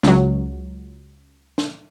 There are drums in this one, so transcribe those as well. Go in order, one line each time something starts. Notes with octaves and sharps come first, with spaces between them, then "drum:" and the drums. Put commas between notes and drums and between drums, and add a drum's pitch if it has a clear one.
C#2 F#3, drum: snare D4
drum: snare D4